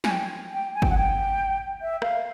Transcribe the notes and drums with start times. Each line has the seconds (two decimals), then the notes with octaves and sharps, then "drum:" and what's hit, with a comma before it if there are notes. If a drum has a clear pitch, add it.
0.04 G#5, drum: snare
0.10 G5
0.53 G5
0.75 G#5
0.82 G5, drum: kick G1
0.90 F#5
0.97 G5
1.81 E5
2.02 F5, drum: rim click